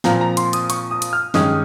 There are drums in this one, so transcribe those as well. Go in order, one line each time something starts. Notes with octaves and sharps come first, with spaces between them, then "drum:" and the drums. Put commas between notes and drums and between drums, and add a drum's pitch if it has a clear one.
A#2 F3 C4 A#5, drum: snare
A#5
C6, drum: hi-hat
D#6, drum: hi-hat
C#6, drum: hi-hat
D#6
drum: hi-hat
F6
G2 D#3 G#3 C#4 D#6, drum: snare